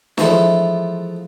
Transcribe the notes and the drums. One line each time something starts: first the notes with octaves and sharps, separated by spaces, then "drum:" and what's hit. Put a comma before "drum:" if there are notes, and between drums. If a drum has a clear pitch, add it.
E3 F3 G#3 A3, drum: snare